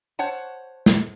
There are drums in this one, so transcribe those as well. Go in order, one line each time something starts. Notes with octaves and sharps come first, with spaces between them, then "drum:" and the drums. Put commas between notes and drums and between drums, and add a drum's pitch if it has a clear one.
C5 C#5 F#5 A5
drum: snare